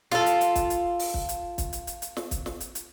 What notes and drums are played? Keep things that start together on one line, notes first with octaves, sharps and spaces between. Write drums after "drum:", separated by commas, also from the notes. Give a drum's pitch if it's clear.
F4 A4, drum: snare
drum: hi-hat
drum: hi-hat
drum: kick, hi-hat
drum: hi-hat
drum: open hi-hat
drum: kick
drum: hi-hat
drum: kick, hi-hat
drum: hi-hat
drum: hi-hat
drum: hi-hat
drum: snare
drum: kick, hi-hat
drum: snare
drum: hi-hat
drum: hi-hat